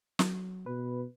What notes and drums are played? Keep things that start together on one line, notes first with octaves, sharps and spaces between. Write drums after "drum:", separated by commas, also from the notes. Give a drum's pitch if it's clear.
F#3, drum: snare
B2 B4